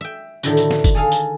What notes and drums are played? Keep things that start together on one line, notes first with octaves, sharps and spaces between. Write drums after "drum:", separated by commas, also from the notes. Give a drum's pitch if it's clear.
E5 G5
A2 D3 D#3 E4 F#4, drum: tambourine
drum: tambourine
drum: snare
drum: kick, tambourine
G#4 A4 F5 G#5
drum: tambourine